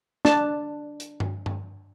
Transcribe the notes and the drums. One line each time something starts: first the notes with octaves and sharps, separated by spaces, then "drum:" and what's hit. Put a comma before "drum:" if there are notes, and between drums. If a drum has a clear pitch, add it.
D4 A5, drum: snare
drum: hi-hat
drum: tom G2
drum: tom G2